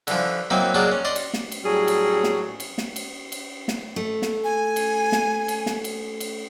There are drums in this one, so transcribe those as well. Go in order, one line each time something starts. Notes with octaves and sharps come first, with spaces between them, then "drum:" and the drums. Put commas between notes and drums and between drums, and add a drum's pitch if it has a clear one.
D3 E3 F3, drum: cymbal
E3 F#3 A#3 C4 D#4
F#3 G#3 A#3 D4 F4 F#4
C#4
D5 D#5 C6
drum: cymbal
drum: snare
drum: cymbal
A2 F#3 G3 G#4
drum: cymbal
drum: snare
drum: cymbal
drum: snare
drum: cymbal
drum: cymbal
drum: snare
A3
drum: snare
G#5
drum: cymbal
drum: snare
drum: cymbal
drum: snare
drum: cymbal
drum: cymbal